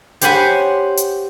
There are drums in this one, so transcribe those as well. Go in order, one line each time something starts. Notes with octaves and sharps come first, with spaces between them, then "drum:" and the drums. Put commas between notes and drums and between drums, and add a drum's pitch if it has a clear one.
G4 C5 C#5 F#5 G#5 B5, drum: hi-hat
drum: hi-hat